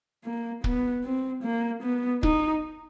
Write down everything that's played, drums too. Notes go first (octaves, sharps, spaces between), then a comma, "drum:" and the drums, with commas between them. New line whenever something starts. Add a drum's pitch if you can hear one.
A#3
B3, drum: kick
C4
A#3
B3
D#4, drum: kick